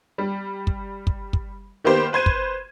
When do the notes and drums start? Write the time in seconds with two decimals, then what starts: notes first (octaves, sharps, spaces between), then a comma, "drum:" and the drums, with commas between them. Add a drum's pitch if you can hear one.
0.18 G3
0.67 drum: kick
1.07 drum: kick
1.33 drum: kick
1.84 D#3 A#3 B3 G4 C5
2.13 B4 C5 G#6 D#7
2.26 drum: kick